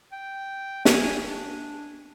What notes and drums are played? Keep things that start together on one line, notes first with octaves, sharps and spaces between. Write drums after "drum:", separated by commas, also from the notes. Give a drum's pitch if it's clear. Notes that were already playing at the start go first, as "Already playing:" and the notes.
G5
G#5, drum: snare
D4